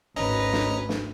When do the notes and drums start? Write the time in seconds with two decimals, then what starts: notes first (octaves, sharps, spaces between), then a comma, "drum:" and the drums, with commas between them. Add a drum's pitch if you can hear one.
0.16 G#1 D2 C#4 B4 D#5 A#5
0.53 drum: snare
0.89 drum: snare